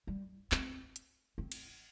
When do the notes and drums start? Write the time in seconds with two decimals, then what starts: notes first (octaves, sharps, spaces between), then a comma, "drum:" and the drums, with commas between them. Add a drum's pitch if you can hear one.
0.07 G3
0.52 C4, drum: clap
0.96 drum: hi-hat
1.38 C4
1.52 drum: cymbal